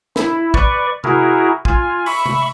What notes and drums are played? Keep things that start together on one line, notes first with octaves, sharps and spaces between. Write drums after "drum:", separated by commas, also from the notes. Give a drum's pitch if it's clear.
E4, drum: snare
B4 D5 C#6, drum: kick
E4 F#4 G#4 A#4, drum: tom C3
F4 G#5, drum: kick
E5 B5 C#6, drum: open hi-hat
drum: tom C3